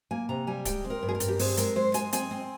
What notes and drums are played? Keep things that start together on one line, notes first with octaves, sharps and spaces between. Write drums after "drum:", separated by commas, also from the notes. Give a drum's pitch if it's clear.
A#3 G#5
C3 A#5
G3 G#5
G#3 G5, drum: kick D1, hi-hat
C4
A#4
G2
G#4
A#4
G2, drum: hi-hat
G4
C4 G#4, drum: open hi-hat
G#3 A#4, drum: hi-hat
G#3 C5
G#3 G#5, drum: hi-hat
C4 G#5, drum: hi-hat
C4